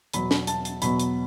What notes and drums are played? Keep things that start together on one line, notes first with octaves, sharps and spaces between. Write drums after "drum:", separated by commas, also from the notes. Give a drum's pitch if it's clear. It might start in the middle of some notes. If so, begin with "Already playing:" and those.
E2 B2 F#3 B5, drum: hi-hat
drum: snare
A5, drum: hi-hat
drum: hi-hat
E2 B2 F#3 B5, drum: hi-hat
drum: hi-hat